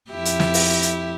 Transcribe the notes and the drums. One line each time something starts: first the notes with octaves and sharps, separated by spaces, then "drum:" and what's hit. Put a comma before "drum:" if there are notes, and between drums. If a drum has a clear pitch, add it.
F2 E4 G4
drum: hi-hat
drum: snare
drum: open hi-hat
drum: hi-hat